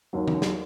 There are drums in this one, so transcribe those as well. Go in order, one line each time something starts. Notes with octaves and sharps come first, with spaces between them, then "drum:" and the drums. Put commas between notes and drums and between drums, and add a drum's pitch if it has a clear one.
D#2 D#3 F#3
drum: tom D#3
drum: snare